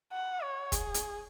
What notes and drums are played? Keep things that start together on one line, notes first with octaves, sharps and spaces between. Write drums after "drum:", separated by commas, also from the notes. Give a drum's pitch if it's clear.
F#5
C#5
G#4, drum: kick, hi-hat
drum: hi-hat